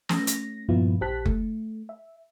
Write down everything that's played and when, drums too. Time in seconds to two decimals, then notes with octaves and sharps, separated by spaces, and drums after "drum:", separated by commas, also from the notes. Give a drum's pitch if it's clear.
0.09 A3 C#4 A#6, drum: snare
0.27 drum: hi-hat
0.69 G2 A#2 F3 B3 E4 F4
1.01 A#1 G4 C5 A5 F#6 B6
1.25 A3, drum: kick F#1
1.89 E5